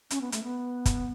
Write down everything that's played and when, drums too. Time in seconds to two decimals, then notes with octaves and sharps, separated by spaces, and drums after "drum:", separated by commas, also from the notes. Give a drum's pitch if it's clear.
0.10 C#4, drum: hi-hat
0.21 B3
0.32 A3, drum: hi-hat
0.44 B3
0.86 drum: kick, hi-hat